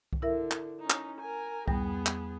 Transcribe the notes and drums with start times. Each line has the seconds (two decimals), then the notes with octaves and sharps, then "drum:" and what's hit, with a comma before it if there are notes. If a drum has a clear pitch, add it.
0.13 drum: kick C2
0.22 D3 E4 A#4 E5
0.51 drum: clap
0.80 C#4 D#4
0.90 drum: clap
1.21 A#4 G#5
1.68 E2 G3 B3 G#4, drum: kick C2
2.06 drum: clap